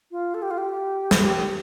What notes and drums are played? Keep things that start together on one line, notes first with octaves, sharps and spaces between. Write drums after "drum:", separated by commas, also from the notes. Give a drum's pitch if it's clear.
F4
A4
G4
F4
G4
C5, drum: snare
A4
G4